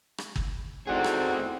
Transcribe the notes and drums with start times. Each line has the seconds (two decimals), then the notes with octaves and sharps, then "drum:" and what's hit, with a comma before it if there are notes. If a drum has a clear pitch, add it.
0.18 drum: rim click
0.36 drum: kick
0.87 A3 C4 D#4 E4 F#4 G#4 D5 F#5
1.04 drum: rim click